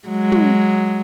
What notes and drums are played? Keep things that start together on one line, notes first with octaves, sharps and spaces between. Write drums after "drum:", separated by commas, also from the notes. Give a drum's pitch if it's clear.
F#3 G#3
drum: tom